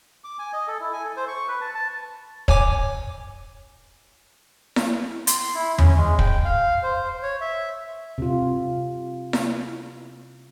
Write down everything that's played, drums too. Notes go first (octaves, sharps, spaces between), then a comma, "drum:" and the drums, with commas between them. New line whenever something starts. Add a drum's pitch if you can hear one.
D6
G#5
D#5
A4
E4
G#5
A4
C5
C#6
B4
A5
A5
C#5 G#5 D6, drum: kick
drum: snare E4
C6, drum: hi-hat
E4
C#4, drum: tom E2
G#3
G5, drum: kick
F5
C5
C#5
E5
C3 F4
drum: snare E4